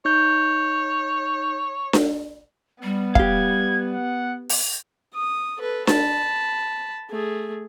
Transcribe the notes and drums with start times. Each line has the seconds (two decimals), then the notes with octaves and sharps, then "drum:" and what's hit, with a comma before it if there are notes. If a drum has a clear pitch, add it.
0.05 D#4 C#5 G6
1.93 drum: snare D4
2.83 G3 B3
3.15 G4 F5 G#6, drum: kick
3.93 F#5
4.49 drum: open hi-hat
5.14 D#6
5.58 A4 B4
5.87 A5 B5, drum: snare D4
7.10 A3 G#4